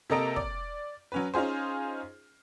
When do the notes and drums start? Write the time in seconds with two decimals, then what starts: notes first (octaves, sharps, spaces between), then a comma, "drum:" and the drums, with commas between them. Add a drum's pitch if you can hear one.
0.10 C3 A#3 A4 D#5 A#5 D7
0.36 D5, drum: kick
1.12 F#3 C#4 B4
1.34 C#4 D#4 F4 G#4 C5